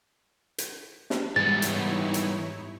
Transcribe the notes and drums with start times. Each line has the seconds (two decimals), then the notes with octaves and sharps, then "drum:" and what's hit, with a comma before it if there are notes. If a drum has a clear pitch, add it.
0.58 drum: hi-hat
1.10 drum: snare
1.36 G#2 E3 G3 B3 D#4 E4 C#5 A6
1.62 drum: hi-hat
2.14 drum: hi-hat